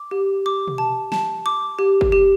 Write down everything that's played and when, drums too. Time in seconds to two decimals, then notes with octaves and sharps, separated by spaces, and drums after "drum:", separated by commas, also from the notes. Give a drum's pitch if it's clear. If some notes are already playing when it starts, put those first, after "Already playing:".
Already playing: D6
0.11 G4
0.46 D6
0.68 drum: tom B2
0.78 A5
1.12 A5, drum: snare
1.46 D6
1.79 G4
2.01 drum: kick
2.12 G4